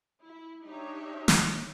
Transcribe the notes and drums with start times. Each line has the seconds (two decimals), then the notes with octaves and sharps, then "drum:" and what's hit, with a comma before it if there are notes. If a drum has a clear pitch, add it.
0.23 E4
0.66 D4 D#4 G4 C#5 E5
1.28 drum: snare